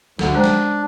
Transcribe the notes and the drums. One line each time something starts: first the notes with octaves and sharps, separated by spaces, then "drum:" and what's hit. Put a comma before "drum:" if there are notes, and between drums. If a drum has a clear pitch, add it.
D2 A4 F#5, drum: snare
G#3 D4 C5 A#5
drum: snare